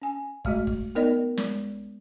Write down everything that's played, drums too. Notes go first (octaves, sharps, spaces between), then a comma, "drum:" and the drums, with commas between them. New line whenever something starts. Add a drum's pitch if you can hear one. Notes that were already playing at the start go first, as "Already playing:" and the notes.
C#4 G#5
G#3 A3 F#4 D#5, drum: kick
drum: kick
B3 D#4 A#4 D5 D#5
G#3, drum: snare